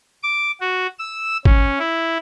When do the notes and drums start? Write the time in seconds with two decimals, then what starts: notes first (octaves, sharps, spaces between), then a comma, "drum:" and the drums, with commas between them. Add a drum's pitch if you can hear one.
0.23 D6
0.61 F#4
0.99 E6
1.45 C#4, drum: kick G#1
1.79 E4